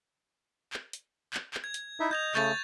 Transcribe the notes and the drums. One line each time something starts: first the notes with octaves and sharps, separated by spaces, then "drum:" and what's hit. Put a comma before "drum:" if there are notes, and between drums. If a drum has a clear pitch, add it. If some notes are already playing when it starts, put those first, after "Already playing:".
drum: clap
drum: hi-hat
drum: clap
drum: clap
G#6
drum: hi-hat
D#4 E4 E5
D#5 G6 G#6 F7
C#3 A3 C#6 G6 A6, drum: clap